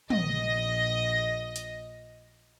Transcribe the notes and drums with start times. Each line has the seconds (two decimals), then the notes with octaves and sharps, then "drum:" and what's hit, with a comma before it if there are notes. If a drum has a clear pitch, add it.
0.10 A#1 D#5 A#6, drum: tom
1.56 drum: hi-hat